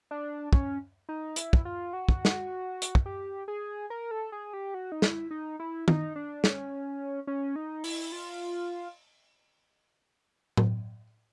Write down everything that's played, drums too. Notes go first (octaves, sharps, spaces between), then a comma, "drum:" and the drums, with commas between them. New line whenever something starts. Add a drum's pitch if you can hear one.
D4
C#4, drum: kick
D#4
E4, drum: hi-hat
drum: kick
F4
F#4
drum: kick
drum: snare
drum: hi-hat
drum: kick
G4
G#4
A#4
A4
G#4
G4
F#4
D#4
E4, drum: snare
D#4
E4
D#4, drum: tom
D4
C#4, drum: snare
C#4
D#4
E4, drum: open hi-hat
F4
drum: tom A2